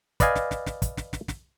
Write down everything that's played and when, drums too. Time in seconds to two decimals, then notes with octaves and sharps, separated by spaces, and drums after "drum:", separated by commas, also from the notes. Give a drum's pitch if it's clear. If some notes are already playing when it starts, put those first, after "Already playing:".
0.20 B4 D5 D#5 F5 G#5, drum: kick, hi-hat
0.35 drum: snare
0.51 drum: snare
0.66 drum: snare
0.82 drum: kick, hi-hat
0.97 drum: snare
1.13 drum: snare
1.28 drum: snare